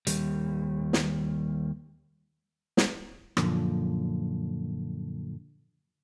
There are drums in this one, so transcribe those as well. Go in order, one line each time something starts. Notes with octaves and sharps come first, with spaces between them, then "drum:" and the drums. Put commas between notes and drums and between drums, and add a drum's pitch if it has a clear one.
D#2 G3, drum: hi-hat
drum: snare
drum: snare
F#2 A#2 D3 F3, drum: rim click